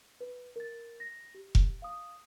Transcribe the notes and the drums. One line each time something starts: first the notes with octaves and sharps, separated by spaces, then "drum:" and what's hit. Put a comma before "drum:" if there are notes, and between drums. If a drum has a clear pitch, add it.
B4
A#4 A6
A#6
G4
drum: kick F1
F5 D#6